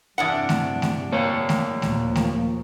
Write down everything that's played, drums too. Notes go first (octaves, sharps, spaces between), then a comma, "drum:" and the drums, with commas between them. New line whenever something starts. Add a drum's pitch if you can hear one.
E2 G2 C3 D4 F#5
drum: snare A3
drum: snare A3
A#3 C#5
drum: snare A3
D#2 A#2 F3, drum: snare A3
drum: snare A3